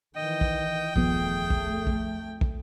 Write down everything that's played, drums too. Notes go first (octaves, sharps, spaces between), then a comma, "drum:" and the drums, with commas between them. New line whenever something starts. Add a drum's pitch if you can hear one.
D#3 E3 D#5 G5
drum: kick
D#1 F2 F3 A3 B3 G#4, drum: kick
drum: kick
drum: kick
drum: kick